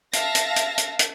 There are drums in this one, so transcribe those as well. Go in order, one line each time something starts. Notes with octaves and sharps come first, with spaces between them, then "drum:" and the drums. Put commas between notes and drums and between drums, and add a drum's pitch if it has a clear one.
E5 F5 A5 A#6, drum: hi-hat
drum: hi-hat
drum: hi-hat
drum: hi-hat
drum: hi-hat